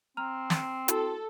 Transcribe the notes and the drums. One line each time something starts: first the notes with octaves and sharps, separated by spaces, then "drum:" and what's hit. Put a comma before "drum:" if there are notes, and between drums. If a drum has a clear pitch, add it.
C4 A#5 F6 F7
drum: snare
E4 F#4 A4, drum: hi-hat